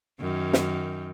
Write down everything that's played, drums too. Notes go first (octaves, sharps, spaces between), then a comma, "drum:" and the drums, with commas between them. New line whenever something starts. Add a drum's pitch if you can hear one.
F#2 D#3
drum: snare